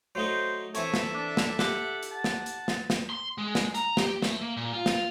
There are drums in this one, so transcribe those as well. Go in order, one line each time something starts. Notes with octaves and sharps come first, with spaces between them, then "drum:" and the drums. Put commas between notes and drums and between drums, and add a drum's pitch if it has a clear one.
F#3 A3 D#4 C5
E3 C4 A4 C#5 E5, drum: hi-hat
drum: snare
D4
drum: snare
G4 F#5, drum: snare
drum: hi-hat
F#5 A5
drum: snare
drum: hi-hat
drum: snare
drum: snare
C6
G#3
drum: snare
A#5, drum: hi-hat
G4, drum: snare
A3, drum: snare
A#3
A#2
F4
drum: snare